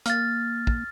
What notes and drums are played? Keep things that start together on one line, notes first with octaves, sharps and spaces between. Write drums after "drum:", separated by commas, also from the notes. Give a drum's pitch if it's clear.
A#3 F6 A6, drum: hi-hat
drum: kick